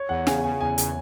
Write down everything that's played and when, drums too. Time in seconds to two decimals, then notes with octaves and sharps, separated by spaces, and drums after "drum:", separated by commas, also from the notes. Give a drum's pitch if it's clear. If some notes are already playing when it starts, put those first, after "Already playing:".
Already playing: C#5
0.09 E2 F#5
0.27 C#3 G#5, drum: snare
0.44 C#3 G#5
0.60 E2 G#5
0.78 C#3, drum: hi-hat